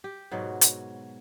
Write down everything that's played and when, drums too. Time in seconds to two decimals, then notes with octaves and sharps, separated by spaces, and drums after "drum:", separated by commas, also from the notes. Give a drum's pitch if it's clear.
0.04 G4
0.31 G#2 B2 F#3
0.61 drum: hi-hat